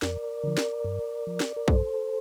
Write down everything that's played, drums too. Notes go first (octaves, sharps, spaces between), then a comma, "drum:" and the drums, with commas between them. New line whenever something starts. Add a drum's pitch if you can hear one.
F2 A#4 D5, drum: snare
D3 F3
drum: snare
G2
F3
drum: snare
A#4
G2 A4 C5, drum: kick A#1